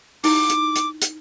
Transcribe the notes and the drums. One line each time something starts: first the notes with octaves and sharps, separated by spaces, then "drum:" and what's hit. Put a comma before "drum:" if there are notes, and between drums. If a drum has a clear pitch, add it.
D#4 E4 D6, drum: open hi-hat
drum: hi-hat
drum: hi-hat
drum: hi-hat